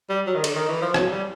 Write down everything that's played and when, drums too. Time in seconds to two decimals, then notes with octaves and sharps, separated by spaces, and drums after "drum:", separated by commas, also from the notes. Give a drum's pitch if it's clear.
0.10 G3
0.27 F#3
0.35 D#3
0.44 D3, drum: cymbal
0.56 D#3
0.69 E3
0.82 F3
0.94 F#3, drum: rim click
1.11 G3